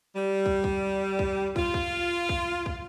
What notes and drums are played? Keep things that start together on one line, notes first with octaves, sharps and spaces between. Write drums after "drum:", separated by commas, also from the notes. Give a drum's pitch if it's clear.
G3
drum: kick
drum: kick
drum: kick
F4, drum: kick
drum: kick
drum: kick
drum: kick